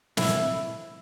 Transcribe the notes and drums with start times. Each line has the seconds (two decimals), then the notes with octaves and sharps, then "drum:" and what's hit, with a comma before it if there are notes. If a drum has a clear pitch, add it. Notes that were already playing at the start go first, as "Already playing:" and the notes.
0.17 E4, drum: snare